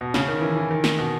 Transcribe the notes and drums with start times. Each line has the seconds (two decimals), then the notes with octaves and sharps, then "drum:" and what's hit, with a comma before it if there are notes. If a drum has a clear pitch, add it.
0.01 B2
0.14 C#3, drum: snare
0.28 D#3
0.41 E3
0.56 E3
0.71 D#3
0.84 drum: snare
0.98 B2